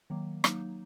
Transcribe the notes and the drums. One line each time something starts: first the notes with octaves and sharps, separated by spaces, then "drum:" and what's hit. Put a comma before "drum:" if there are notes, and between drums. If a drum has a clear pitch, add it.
D#3 F#3 A#3
F#3 A#3 D#4, drum: rim click